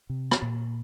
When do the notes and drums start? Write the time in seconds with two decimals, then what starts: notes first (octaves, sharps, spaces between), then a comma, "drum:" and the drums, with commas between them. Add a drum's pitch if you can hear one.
0.09 C3
0.31 drum: rim click
0.42 A#2